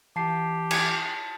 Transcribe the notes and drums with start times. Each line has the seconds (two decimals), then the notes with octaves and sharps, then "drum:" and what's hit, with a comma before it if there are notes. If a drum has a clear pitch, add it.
0.16 E3 F4 G4 A5 C7
0.71 G#5 B5, drum: cymbal